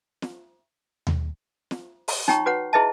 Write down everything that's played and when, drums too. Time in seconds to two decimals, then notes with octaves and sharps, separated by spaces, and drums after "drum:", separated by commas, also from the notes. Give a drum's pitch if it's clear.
0.22 drum: snare
1.07 drum: tom D#2
1.71 drum: snare
2.08 drum: open hi-hat
2.28 D#4 C#5 G5 A#5 C#6, drum: snare
2.46 F#4 B4 C#5 F#5
2.73 E4 G#4 B4 D#5 E5 A5